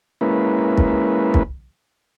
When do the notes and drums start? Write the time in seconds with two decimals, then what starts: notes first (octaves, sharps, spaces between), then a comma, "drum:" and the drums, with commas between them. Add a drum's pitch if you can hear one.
0.21 G#3 A#3 C#4 E4 B4
0.78 drum: kick
1.34 drum: kick